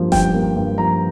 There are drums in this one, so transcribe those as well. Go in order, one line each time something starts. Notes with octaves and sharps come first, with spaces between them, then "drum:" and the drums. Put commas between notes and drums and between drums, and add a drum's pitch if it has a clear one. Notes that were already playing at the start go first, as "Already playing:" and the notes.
Already playing: G2 F3 A#3
G2 G5, drum: snare F1
A#3
G2
F3 A#5